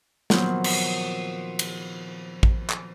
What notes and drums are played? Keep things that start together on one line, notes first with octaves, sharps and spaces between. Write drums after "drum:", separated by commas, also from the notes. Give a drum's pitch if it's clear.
A#2 D#3 F3 F#3 B3 C4, drum: snare
drum: cymbal
drum: cymbal
drum: kick A1
drum: clap